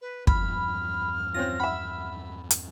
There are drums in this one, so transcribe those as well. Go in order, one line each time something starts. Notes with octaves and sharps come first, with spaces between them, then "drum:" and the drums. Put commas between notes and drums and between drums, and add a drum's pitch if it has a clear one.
B4
E2 G2 F3 B5 F6, drum: kick
C4 C#4 F4 A#6
E5 F#5 B5
drum: hi-hat